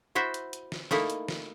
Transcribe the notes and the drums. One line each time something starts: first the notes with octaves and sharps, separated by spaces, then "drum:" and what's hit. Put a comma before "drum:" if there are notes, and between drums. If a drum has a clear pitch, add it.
E4 F#4 C5 E5
drum: hi-hat
drum: hi-hat
drum: snare
A3 A#3 D#4 E4, drum: snare
drum: hi-hat
drum: snare